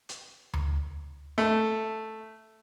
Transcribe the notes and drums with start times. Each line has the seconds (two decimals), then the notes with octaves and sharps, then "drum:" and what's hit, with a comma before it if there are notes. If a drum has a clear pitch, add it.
0.09 drum: hi-hat
0.54 drum: tom D2
1.38 A3